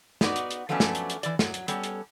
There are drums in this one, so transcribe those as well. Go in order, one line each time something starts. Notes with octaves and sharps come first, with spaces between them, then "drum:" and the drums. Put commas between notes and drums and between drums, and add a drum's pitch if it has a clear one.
B3 D#4 F#4 D5, drum: snare
drum: hi-hat
drum: hi-hat
F3 F#3 A3 B3 C#4 D4
drum: snare
drum: hi-hat
drum: hi-hat
E3 D5, drum: hi-hat
F#3, drum: snare
drum: hi-hat
G3 B3 C#4 A4, drum: hi-hat
drum: hi-hat